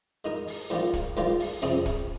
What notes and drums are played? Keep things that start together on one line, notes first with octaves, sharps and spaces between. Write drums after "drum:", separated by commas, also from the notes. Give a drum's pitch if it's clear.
G#3 D#4 A#4
drum: open hi-hat
G#2 G3 A#3 F4
drum: kick, hi-hat
G#2 G3 A#3 F4
drum: open hi-hat
F2 C3 G3 C#4 G#4
drum: kick, hi-hat